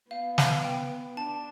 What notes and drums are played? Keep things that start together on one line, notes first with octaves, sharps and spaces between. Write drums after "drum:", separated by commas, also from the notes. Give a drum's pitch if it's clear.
B3 F5
F5, drum: snare
G5
D4 A5